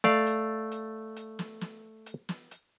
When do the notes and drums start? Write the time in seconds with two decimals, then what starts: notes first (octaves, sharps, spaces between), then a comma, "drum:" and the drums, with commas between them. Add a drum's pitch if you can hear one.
0.04 A3 D5 F5, drum: snare
0.27 drum: hi-hat
0.71 drum: hi-hat
1.16 drum: hi-hat
1.39 drum: snare
1.61 drum: snare
2.06 drum: hi-hat
2.29 drum: snare
2.51 drum: hi-hat